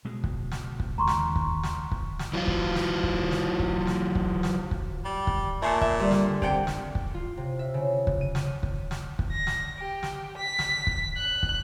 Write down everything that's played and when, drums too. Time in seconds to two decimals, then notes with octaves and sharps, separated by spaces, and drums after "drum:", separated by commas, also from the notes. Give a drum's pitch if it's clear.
0.05 B2 G#3
0.24 drum: kick
0.52 drum: snare
0.80 drum: kick
0.98 D#2 A#5 C6 C#6
1.08 drum: snare
1.36 drum: kick
1.64 drum: snare
1.91 drum: kick
2.19 drum: snare
2.33 E3 F#3 F4
2.47 drum: kick
2.75 drum: snare
3.03 drum: kick
3.31 drum: snare
3.59 drum: kick
3.87 drum: snare
4.15 drum: kick
4.43 drum: snare
4.71 drum: kick
5.05 G3
5.27 drum: kick
5.62 A#2 A3 G#4 A4
5.81 E5, drum: kick
6.00 D3 G3 B4
6.11 drum: snare
6.42 C3 G4 F#5 G5, drum: kick
6.67 drum: snare
6.95 drum: kick
7.14 F4
7.37 C3
7.59 E5
7.74 C#3
8.07 drum: kick
8.21 D#7
8.35 drum: snare
8.63 drum: kick
8.91 drum: snare
9.19 drum: kick
9.32 A#6
9.47 drum: snare
9.78 G4
10.03 drum: snare
10.38 B6
10.59 drum: snare
10.87 drum: kick
11.18 F#6
11.43 drum: kick